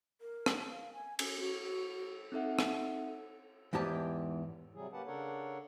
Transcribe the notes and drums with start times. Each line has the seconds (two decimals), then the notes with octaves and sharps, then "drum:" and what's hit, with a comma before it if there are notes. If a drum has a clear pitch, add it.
0.21 A#4
0.46 drum: rim click
0.71 F5
0.93 G#5
1.19 C#4, drum: cymbal
1.40 F#4
2.32 C4 D#4 A4 E5 F#5
2.59 drum: rim click
3.73 E2 G#2 E3 G4 A5
4.75 C3 F#3 G3 G#4
4.93 A#3 C#4 G4 B4 F#5 A5
5.07 C#3 D4 A4 A#4 C#5 F#5